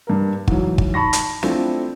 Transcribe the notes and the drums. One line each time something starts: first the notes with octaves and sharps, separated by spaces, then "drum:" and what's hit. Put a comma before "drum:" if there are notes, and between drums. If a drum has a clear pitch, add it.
G2 A#4
G#2 E3 F#3, drum: kick
drum: kick
A5 B5 C#6 A#6
drum: hi-hat
A3 C4 D4 E4 F4 A4, drum: snare